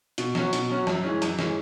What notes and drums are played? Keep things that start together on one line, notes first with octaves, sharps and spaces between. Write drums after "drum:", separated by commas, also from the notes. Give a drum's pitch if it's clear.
B2, drum: hi-hat
F#3 C#4 F#4, drum: snare
B2, drum: hi-hat
F#3 C#4 F#4
F#2, drum: snare
E3 G#3 C#4
F#2, drum: hi-hat
E3 G#3 C#4, drum: snare